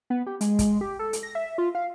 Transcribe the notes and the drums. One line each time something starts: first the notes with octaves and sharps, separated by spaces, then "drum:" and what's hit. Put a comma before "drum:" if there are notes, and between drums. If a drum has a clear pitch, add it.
B3
G4
G#3, drum: hi-hat
drum: kick, hi-hat
G4
A4
drum: hi-hat
A#6
E5
F4
F5